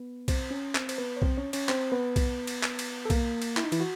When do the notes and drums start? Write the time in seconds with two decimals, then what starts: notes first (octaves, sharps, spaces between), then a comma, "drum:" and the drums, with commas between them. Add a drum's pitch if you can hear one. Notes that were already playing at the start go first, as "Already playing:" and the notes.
Already playing: B3 B4
0.28 C4 C5, drum: kick B1, cymbal
0.51 C#4 C#5
0.75 C4 C5, drum: clap
0.89 C5, drum: cymbal
0.98 B3 B4
1.16 C#5
1.22 C4 C5, drum: kick B1
1.37 C#4 C#5
1.53 C#4 C#5, drum: cymbal
1.69 C4 C5, drum: clap
1.92 B3 B4
2.16 drum: kick B1, cymbal
2.47 drum: cymbal
2.63 drum: clap
2.79 drum: cymbal
3.05 A4
3.10 A#3 A#4, drum: kick B1, cymbal
3.42 drum: cymbal
3.57 E4, drum: clap
3.64 D#4
3.72 E3 E4, drum: cymbal
3.80 F#4